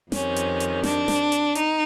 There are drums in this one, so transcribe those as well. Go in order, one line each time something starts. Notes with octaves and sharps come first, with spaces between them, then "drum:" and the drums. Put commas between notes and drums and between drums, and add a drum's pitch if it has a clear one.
F2 C3 D#3 C#4, drum: snare
drum: hi-hat
drum: hi-hat
D4, drum: snare
drum: snare
drum: hi-hat
D#4, drum: hi-hat